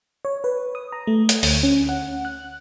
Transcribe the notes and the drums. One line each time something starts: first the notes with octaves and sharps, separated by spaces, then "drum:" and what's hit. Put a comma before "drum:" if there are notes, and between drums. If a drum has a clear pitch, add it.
C#5
B4
D#6
A#5
A3
drum: hi-hat
D2, drum: open hi-hat
C#4
F#5
F#6